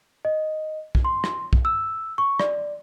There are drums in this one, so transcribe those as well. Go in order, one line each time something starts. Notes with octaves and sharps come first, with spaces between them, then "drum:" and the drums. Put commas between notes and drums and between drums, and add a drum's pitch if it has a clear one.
D#5
drum: kick
C6
drum: rim click
drum: kick
E6
C#6
D5, drum: rim click